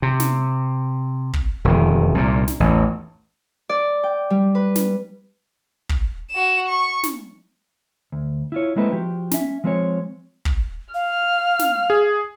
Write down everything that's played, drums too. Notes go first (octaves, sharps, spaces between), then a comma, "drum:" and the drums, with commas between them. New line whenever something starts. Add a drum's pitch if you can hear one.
C3
drum: snare
drum: kick
E1 F2 D#3
C2 A#2
drum: snare
A1 E2
D5
G5
G3
B4
drum: snare
drum: kick
F#4 E7
C#6
drum: snare
D2
E4 F4 C#5
G#3 A#3 C4 E4 A4 B4
F3 F#4 G4
C#4 E5, drum: snare
F3 G#3 C4 F4 G#4 C#5
drum: kick
F5 F6
drum: snare
G#4